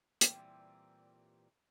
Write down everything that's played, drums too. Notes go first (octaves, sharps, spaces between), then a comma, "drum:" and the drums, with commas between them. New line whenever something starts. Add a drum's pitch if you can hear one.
A#2 E3 G3 C4, drum: hi-hat